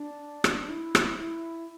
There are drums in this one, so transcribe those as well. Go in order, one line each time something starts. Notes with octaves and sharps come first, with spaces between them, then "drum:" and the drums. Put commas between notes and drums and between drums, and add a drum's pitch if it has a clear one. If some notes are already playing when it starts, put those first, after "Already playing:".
Already playing: D4
drum: rim click
D4
E4
drum: rim click
E4